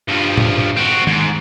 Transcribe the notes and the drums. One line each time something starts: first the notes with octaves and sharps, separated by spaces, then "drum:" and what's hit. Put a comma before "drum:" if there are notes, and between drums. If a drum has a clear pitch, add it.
G2 F3
drum: tom A2
C4 F#4
G#2, drum: tom